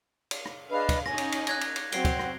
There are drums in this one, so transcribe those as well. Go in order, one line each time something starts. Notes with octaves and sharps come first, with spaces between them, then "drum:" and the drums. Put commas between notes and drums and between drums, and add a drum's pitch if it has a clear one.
drum: cymbal
drum: rim click
D4 G#4 B4 D#5 F5
drum: kick, cymbal
C#4 D#4 G#5 A#6, drum: rim click
drum: cymbal
drum: cymbal
F#6 G#6 A#6, drum: cymbal
drum: cymbal
drum: cymbal
F#3 C4 C5 F#5 G5 C7 D7 G7, drum: cymbal
drum: kick, cymbal
drum: rim click